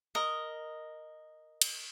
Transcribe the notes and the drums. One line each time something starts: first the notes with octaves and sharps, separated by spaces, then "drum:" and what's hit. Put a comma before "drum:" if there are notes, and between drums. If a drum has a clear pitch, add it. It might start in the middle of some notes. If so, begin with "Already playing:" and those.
A#4 D#5
drum: cymbal